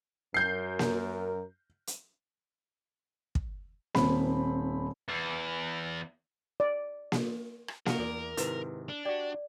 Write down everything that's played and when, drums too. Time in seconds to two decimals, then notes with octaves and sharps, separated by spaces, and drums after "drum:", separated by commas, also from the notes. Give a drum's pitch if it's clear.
0.34 F#2 A#4 G6 C7
0.79 drum: snare A#3
1.87 drum: hi-hat
3.35 drum: kick
3.95 D#1 C4 B5, drum: snare A#3
5.09 E2
6.60 D5
7.12 drum: snare A#3
7.68 drum: rim click
7.86 F#4 A#4 D#5 F5, drum: snare A#3
7.99 E2 D5
8.37 G#2 C3 D#3 E4 B4, drum: hi-hat
8.89 D4
9.05 F#4 G4 D5